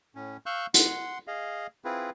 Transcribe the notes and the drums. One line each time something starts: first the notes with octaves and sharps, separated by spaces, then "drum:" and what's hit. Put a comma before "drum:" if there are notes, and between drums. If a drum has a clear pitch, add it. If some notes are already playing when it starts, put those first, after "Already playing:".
A2 C#4
F5 C#6 E6 F#6 G6
F#5 C6, drum: hi-hat
G#4 D#5 F5
C4 E4 F4 G#4 B4